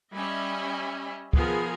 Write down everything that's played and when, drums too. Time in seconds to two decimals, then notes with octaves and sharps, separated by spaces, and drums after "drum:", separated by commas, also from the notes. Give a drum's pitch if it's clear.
0.14 G3 C#4 D#5 E5 G#5 B5
1.33 F3 B3 G#4 A#4, drum: kick